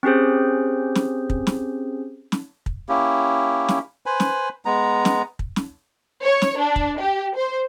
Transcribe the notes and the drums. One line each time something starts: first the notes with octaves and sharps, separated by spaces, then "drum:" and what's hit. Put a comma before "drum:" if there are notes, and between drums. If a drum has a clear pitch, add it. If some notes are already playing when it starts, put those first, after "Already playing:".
C4 C#4 G4 G#4 C5
drum: snare
drum: kick
drum: snare
drum: snare
drum: kick
A#3 C#4 E4 G4
drum: snare
B4 C5 G#5 B5
drum: snare
G#3 B3 A#5
drum: snare
drum: kick
drum: snare
C#5
drum: snare
D4
drum: kick
G4
C5